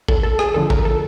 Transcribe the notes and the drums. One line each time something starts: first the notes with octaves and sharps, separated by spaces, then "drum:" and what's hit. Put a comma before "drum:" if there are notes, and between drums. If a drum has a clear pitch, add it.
A4, drum: kick A1
A4
G#4, drum: rim click
D2 D3 F3 A4
A#4, drum: kick A1
A4